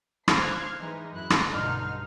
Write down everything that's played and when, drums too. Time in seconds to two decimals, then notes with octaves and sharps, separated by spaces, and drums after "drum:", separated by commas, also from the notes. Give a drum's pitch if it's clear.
0.28 C5 F5 F6 F#6 G#6 C7, drum: rim click
0.80 E3 G#3 D#4
1.13 F#2 E4 F#6
1.30 drum: rim click
1.49 B1 G2 D3 D#4 C6 F6